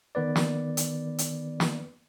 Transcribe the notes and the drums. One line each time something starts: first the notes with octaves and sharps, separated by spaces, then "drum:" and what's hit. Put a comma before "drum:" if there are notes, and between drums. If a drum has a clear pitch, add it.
D#3 B3 B4 D5
drum: snare
drum: hi-hat
drum: hi-hat
drum: snare